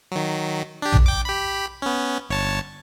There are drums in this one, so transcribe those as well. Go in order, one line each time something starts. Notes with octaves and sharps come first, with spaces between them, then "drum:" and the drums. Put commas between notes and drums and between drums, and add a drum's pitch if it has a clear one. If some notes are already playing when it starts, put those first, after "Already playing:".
D#3 F#3
D4 G4
drum: tom
G5 D6
G4 B5
B3 C#4
G1 C#5 A5